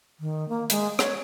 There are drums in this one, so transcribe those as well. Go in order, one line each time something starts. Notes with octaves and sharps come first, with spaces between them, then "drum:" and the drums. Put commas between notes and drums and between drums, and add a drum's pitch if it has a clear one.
D#3
A#3
G#3, drum: hi-hat
C#5, drum: rim click